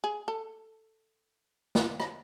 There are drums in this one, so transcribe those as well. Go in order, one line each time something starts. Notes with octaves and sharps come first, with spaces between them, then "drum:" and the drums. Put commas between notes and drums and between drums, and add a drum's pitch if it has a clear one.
G#4
A4
drum: snare
drum: rim click